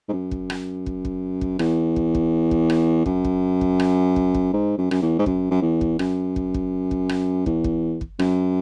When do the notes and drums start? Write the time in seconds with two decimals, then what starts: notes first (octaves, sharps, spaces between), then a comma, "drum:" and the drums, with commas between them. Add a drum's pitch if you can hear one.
0.08 G#2
0.13 F#2
0.31 drum: kick
0.50 drum: rim click
0.86 drum: kick
1.05 drum: kick
1.41 drum: kick
1.59 E2, drum: rim click
1.96 drum: kick
2.15 drum: kick
2.51 drum: kick
2.70 drum: rim click
3.06 F#2, drum: kick
3.25 drum: kick
3.61 drum: kick
3.80 drum: rim click
4.16 drum: kick
4.35 drum: kick
4.53 G#2
4.78 F#2
4.91 F#2, drum: rim click
5.02 E2
5.19 G#2
5.26 F#2, drum: kick
5.51 F#2
5.62 E2
5.81 drum: kick
5.99 F#2, drum: rim click
6.36 drum: kick
6.54 drum: kick
6.91 drum: kick
7.09 drum: rim click
7.46 E2, drum: kick
7.64 drum: kick
8.01 drum: kick
8.19 F#2, drum: rim click